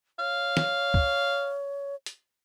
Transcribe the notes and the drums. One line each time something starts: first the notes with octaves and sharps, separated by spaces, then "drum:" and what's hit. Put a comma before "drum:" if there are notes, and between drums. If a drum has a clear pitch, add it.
C#5 F5
drum: snare
drum: kick
drum: hi-hat